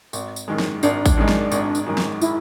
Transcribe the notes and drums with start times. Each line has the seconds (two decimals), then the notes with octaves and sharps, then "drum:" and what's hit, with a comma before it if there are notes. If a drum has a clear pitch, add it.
0.13 G#1, drum: tambourine
0.36 drum: tambourine
0.48 F#2 D#3 G#3
0.59 drum: snare
0.83 G#1 D4, drum: tambourine
1.06 drum: kick A1, tambourine
1.17 F#2 D#3 G#3
1.29 drum: snare
1.52 G#1, drum: tambourine
1.75 drum: tambourine
1.86 F#2 D#3 G#3
1.98 drum: snare
2.21 E4, drum: tambourine